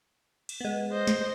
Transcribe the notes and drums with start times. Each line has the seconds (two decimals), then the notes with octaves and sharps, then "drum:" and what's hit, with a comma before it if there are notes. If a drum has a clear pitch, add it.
0.49 drum: cymbal
0.61 G#3 B3
0.92 C5 D#5
1.07 drum: snare